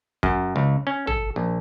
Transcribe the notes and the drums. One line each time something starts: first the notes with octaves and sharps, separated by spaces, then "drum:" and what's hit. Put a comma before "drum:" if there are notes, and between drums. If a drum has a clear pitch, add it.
F#2, drum: kick
C#2
C#4
A4, drum: tom
A#1